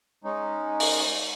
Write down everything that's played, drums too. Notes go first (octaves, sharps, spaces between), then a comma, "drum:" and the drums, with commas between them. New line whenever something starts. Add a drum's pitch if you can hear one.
G#3 C#4 D#4
drum: open hi-hat